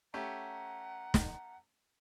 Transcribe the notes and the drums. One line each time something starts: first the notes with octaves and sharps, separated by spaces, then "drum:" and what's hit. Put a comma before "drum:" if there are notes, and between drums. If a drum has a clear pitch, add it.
A3 C#4 G4 F#5 A#5
drum: snare